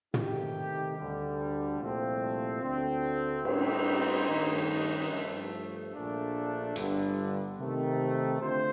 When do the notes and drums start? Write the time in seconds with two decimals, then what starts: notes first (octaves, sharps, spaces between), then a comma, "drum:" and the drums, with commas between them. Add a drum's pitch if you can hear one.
0.14 C3 D#3 A3 D#4 G4, drum: tom
0.97 D2 D3 G3
1.79 C2 A#2 F3 A3 C4
2.62 D2 D3 A3 C4
3.45 A2 G3 C4 D#4, drum: cymbal
4.28 G2 D#3 A3 D#4
5.10 G2 F3 A3
5.93 A#1 A#2 A3 D4
6.76 G1 G2 D3, drum: hi-hat
7.58 C3 D#3 A3
8.41 D3 A3 C4 F4 C5